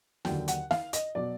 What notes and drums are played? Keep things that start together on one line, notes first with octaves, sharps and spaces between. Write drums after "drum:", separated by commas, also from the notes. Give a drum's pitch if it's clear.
D#2 D3 F#3 G5, drum: snare
F#5, drum: hi-hat
F5, drum: snare
D#5, drum: hi-hat
B2 F#3 D5